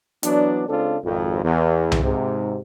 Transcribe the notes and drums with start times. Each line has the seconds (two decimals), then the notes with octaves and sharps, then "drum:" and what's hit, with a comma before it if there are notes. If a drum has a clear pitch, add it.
0.23 E3 F#3 B3 D4, drum: hi-hat
0.68 C#3 G#3 C4 D4 F4 A4
1.04 G#1 F2
1.44 E2
1.92 drum: tom C2
2.03 G#2 C3